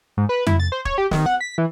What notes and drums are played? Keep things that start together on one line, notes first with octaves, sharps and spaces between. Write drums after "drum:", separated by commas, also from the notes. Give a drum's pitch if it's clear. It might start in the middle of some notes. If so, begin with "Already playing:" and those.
G#2
B4
E4, drum: tom F2
A6
C5
C#5, drum: kick
G4
D#3, drum: snare
F#5
B6
E3